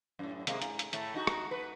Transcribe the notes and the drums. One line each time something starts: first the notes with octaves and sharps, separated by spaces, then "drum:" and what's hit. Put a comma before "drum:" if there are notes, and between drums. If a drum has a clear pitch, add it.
F#2 A2
C3 G#3 A#3, drum: hi-hat
G#2, drum: hi-hat
drum: hi-hat
A2 A3, drum: hi-hat
D#4 F#4
drum: rim click
B4